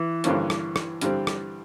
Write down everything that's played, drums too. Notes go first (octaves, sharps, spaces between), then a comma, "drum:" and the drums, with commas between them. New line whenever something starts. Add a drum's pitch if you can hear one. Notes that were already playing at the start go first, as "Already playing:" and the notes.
Already playing: E3
G2 D3 F3 A#3 C#4, drum: hi-hat
drum: rim click
drum: rim click
G2 D3 G3 C4, drum: hi-hat
drum: rim click